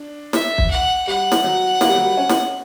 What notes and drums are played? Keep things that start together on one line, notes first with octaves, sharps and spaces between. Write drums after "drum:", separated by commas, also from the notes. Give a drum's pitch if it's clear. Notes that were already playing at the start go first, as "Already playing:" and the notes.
Already playing: D4
E5, drum: snare
drum: kick
F#5
G3 F#5
drum: snare
F#3
A#3, drum: snare
G3
F#3
G3
C#4
drum: snare